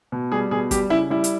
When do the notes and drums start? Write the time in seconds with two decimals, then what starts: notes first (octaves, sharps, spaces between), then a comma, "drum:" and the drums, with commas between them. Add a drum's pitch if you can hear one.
0.12 B2
0.32 G3 G#4
0.51 B2 G#4
0.71 G3 G4, drum: kick, hi-hat
0.90 C#3 E4
1.10 G3 E4
1.24 drum: hi-hat